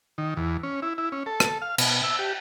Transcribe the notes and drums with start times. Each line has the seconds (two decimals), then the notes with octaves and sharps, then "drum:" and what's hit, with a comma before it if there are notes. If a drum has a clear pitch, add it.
0.18 D#3
0.37 E2
0.63 C#4
0.82 E4
0.98 E4
1.12 C#4
1.26 A4
1.40 drum: rim click
1.62 F5
1.78 B2, drum: cymbal
2.03 E5
2.19 G4